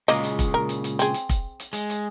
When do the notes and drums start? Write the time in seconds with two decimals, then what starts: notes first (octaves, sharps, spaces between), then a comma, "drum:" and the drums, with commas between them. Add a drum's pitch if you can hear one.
0.08 A#2 C#3 G#3 A#3 D#5, drum: hi-hat
0.24 drum: hi-hat
0.39 drum: kick F1, hi-hat
0.54 A#4
0.69 drum: hi-hat
0.84 drum: hi-hat
0.99 C4 G#4, drum: hi-hat
1.14 drum: hi-hat
1.29 drum: kick F1, hi-hat
1.60 drum: hi-hat
1.73 G#3, drum: hi-hat
1.90 drum: hi-hat